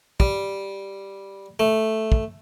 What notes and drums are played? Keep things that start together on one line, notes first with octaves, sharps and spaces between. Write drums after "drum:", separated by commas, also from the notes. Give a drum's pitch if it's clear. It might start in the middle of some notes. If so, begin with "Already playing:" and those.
G3, drum: kick
A3
drum: kick